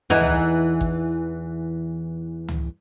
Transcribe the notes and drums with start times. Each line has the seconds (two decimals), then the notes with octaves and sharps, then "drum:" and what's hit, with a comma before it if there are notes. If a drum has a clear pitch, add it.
0.10 E2 E3 D#4
0.21 drum: tom
0.81 drum: kick G#1
2.48 drum: tom